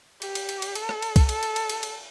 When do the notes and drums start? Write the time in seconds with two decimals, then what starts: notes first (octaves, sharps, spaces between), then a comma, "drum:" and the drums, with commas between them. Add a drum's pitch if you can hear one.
0.22 G4, drum: cymbal
0.35 drum: cymbal
0.49 drum: cymbal
0.62 drum: cymbal
0.75 A4, drum: cymbal
0.89 drum: rim click
1.02 drum: cymbal
1.16 drum: kick, cymbal
1.29 A4, drum: cymbal
1.43 drum: cymbal
1.56 drum: cymbal
1.69 drum: cymbal
1.83 drum: cymbal